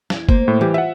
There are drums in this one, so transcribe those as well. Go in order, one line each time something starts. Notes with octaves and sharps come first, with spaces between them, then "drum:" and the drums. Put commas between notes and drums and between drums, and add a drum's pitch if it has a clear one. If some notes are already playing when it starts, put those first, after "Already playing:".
E2 E4, drum: snare
A#3 C5, drum: kick F#1
A2
E3 G3 G4
F4 E5 F#5